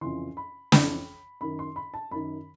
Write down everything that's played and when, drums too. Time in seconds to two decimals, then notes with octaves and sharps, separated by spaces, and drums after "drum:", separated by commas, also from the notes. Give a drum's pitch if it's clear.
0.01 F2 C#3 E3 C6
0.37 B5
0.72 F2 C#3 E3 B5, drum: snare
1.41 F#2 D#3 B5
1.59 C6
1.76 B5
1.94 A5
2.11 F#2 D#3 B5